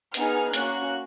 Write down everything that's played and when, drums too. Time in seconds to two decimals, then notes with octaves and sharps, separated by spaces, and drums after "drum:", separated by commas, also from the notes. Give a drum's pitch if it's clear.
0.14 B3 D#4 G#4 F6, drum: hi-hat
0.54 A#3 C#4 F#4 F#6, drum: hi-hat